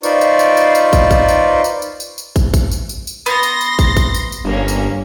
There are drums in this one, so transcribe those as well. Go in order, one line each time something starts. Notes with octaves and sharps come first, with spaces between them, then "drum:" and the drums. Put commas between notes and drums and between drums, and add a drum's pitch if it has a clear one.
D#4 F4 B4 C5 D5 C#6, drum: tambourine
drum: tambourine
drum: tambourine
drum: tambourine
drum: tambourine
drum: kick, tambourine
drum: kick, tambourine
drum: tambourine
drum: tambourine
drum: tambourine
drum: tambourine
drum: tambourine
drum: kick, tambourine
drum: kick, tambourine
drum: tambourine
drum: tambourine
drum: tambourine
B3 C6 A#6, drum: tambourine
drum: tambourine
drum: tambourine
drum: kick, tambourine
drum: kick, tambourine
drum: tambourine
drum: tambourine
G1 G2 A#3 C#4
drum: tambourine